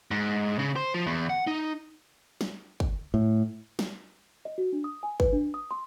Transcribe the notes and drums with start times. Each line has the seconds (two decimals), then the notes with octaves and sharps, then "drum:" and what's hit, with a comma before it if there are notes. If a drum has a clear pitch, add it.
0.11 G#2
0.59 C#3
0.76 C5
0.94 F3
1.06 E2
1.30 F#5
1.47 D#4
2.41 drum: snare
2.80 drum: kick
3.14 A2
3.79 drum: snare
4.45 D#5
4.58 F#4
4.73 D4
4.84 D#6
5.03 G#5
5.20 B4, drum: kick
5.33 D4
5.54 D#6
5.71 C6